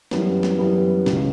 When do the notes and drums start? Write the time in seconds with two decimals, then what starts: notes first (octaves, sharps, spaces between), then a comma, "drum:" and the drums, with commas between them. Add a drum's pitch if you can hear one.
0.11 F#2 E3 G3 B3, drum: snare
0.43 drum: snare
0.59 F#2 E3 G3 B3
1.06 C#2 B2 F#3 C#4 F#4, drum: snare